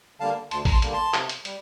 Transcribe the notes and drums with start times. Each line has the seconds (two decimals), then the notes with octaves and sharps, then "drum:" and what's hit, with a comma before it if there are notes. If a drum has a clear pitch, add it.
0.20 D3 G3 A#3 F5 A5
0.51 D2 A5 C6, drum: hi-hat
0.65 A#5, drum: kick A1, open hi-hat
0.72 A5 C6
0.82 D3 G3 A#3, drum: hi-hat
0.93 A5 C6
1.14 C3, drum: clap
1.29 drum: hi-hat
1.45 G3, drum: hi-hat